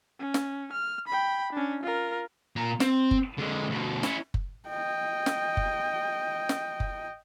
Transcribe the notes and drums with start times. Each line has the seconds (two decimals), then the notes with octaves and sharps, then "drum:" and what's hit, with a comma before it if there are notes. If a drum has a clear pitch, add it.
0.20 C#4
0.34 drum: snare
0.72 F6
1.08 G5 B5
1.53 C#4 D4
1.84 F4 A#4
2.56 A#2 A#5
2.80 C4, drum: snare
3.11 drum: kick F#1
3.38 D3 G#3
3.70 D2 B2
4.03 C#4 E4, drum: snare
4.34 drum: kick F#1
4.69 D#5 G5
5.26 drum: snare
5.57 drum: kick F#1
6.49 drum: snare
6.80 drum: kick F#1